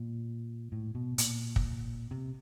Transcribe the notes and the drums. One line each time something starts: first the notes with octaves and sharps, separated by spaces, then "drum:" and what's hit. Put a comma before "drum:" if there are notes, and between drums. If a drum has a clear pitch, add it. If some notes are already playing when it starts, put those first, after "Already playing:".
Already playing: A#2
A2
B2
A#2, drum: hi-hat
drum: kick
C3